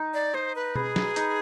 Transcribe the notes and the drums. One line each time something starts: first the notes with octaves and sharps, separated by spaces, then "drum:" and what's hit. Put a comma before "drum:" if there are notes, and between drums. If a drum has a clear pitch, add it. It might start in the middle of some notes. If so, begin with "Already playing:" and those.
Already playing: D#4
D5
C5 D#5
B4
G#4 B4, drum: tom B2
drum: snare
D#4, drum: hi-hat